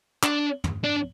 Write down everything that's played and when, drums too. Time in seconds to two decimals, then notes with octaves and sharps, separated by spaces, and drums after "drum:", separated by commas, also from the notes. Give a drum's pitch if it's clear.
0.23 D4, drum: clap
0.64 drum: tom
0.84 D4